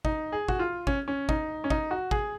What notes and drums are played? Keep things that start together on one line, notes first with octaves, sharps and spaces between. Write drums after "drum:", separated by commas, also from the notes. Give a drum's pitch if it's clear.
D#4, drum: kick G#1
G#4
F#4, drum: kick G#1
F4
C#4, drum: kick G#1
C#4
D#4, drum: kick G#1
C#4
D#4, drum: kick G#1
F#4
G#4, drum: kick G#1